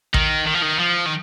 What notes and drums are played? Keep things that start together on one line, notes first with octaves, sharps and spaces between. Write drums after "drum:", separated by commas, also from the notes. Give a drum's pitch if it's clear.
D#3, drum: kick A1
D#3
F3
D#3
F3
D#3